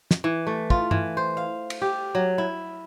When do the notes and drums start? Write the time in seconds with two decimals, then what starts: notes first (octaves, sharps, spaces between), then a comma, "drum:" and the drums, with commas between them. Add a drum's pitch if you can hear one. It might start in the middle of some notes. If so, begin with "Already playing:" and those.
0.11 drum: snare
0.24 E3
0.47 A3
0.70 F4, drum: kick
0.91 E3, drum: tom G2
1.17 C5
1.37 F5
1.70 drum: cymbal
1.82 G4
2.15 F#3
2.38 E4